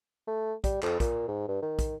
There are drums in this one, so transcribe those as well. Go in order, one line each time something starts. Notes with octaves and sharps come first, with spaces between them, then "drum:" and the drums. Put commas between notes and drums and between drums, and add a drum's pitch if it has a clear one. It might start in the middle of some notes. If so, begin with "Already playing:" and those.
A3
G3, drum: kick, hi-hat
F2, drum: clap
A#2, drum: kick, hi-hat
G#2
G2
D#3
drum: kick, hi-hat